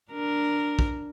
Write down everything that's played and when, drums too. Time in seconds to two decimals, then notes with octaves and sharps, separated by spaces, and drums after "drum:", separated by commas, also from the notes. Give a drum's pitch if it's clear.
0.11 D4 A#4
0.79 drum: kick